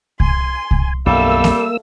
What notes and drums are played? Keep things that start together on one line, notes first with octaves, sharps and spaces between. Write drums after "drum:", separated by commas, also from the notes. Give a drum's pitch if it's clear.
G#5 C6, drum: kick C2
drum: kick C2
B1 F#2 G3 A3 A#3 F5 E6
drum: snare A#3